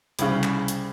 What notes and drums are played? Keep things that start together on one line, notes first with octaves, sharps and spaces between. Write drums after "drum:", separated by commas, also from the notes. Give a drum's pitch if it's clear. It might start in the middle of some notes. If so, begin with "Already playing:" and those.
C2 C#3, drum: hi-hat
drum: clap
drum: hi-hat